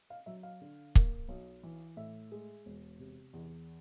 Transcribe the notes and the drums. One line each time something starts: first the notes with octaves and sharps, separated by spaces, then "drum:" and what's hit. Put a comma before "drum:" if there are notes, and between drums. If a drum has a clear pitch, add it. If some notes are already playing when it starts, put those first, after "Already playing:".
F5
F#3 E5
F5
D3
A#3, drum: kick
B1
E3
A2 E5
G#3
E1
C3
E2